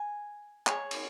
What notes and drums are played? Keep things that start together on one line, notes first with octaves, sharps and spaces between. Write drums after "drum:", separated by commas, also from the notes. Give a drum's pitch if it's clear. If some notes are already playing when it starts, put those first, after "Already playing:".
Already playing: G#5
G#4 C#5, drum: clap
drum: cymbal